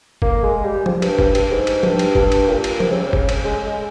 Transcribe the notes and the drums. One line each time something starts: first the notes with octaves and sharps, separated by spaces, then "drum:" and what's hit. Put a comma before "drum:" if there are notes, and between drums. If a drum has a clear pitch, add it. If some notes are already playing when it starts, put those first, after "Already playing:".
A#3, drum: kick
G#3
G3
F3, drum: tom
G2, drum: cymbal
G2, drum: kick
G2, drum: cymbal
G#2
drum: cymbal
G2, drum: tom
drum: cymbal
G2, drum: kick
drum: cymbal
A#2
drum: cymbal
C3, drum: tom
C#3
C3
C#3, drum: kick
drum: cymbal
G#3
G#3